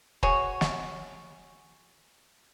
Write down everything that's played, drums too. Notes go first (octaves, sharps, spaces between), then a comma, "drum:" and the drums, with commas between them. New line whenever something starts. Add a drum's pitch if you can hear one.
F#4 G#4 C#5, drum: kick
drum: snare